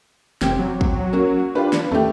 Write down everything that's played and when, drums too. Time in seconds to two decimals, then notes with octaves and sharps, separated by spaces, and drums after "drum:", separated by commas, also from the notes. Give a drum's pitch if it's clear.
0.42 F1 C4 G4, drum: snare
0.59 F#3
0.81 drum: kick
1.13 A#3 C#4 F#4
1.55 D4 F4 G4 B4
1.73 drum: snare
1.92 D#2 A3 G4